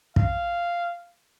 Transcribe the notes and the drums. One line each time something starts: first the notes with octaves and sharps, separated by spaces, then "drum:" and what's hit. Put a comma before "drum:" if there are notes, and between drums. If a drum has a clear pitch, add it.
F5, drum: kick